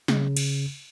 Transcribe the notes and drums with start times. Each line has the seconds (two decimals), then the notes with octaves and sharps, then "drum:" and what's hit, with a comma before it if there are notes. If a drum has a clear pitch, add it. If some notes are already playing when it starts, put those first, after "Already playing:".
0.08 C#3, drum: snare
0.37 drum: cymbal